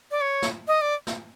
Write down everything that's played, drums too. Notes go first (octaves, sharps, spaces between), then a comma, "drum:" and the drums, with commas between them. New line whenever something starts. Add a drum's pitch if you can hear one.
D5
C#5
drum: snare
D#5
D5
drum: snare